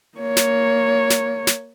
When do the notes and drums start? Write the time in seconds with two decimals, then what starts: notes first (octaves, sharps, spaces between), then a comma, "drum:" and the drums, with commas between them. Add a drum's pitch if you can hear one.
0.18 A#3 C#5
0.37 drum: snare
1.10 drum: snare
1.47 drum: snare